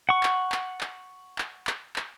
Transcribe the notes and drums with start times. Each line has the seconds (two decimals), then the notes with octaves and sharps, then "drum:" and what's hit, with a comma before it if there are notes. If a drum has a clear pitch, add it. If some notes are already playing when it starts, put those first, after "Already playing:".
0.09 F#5 C#6
0.23 drum: clap
0.52 drum: clap
0.81 drum: clap
1.38 drum: clap
1.67 drum: clap
1.96 drum: clap